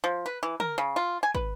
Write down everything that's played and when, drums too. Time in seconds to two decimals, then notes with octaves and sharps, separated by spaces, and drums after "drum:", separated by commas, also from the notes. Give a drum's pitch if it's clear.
0.04 F3
0.26 B4
0.43 E3
0.60 A#4, drum: tom
0.78 C#3
0.96 F4
1.23 G#5
1.35 B4, drum: kick